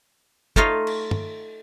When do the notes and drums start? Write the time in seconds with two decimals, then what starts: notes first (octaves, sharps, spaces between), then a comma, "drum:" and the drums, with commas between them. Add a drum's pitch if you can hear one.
0.56 A3 D#4 F4 C#5 D#5 F5, drum: kick
0.87 drum: cymbal
1.11 drum: tom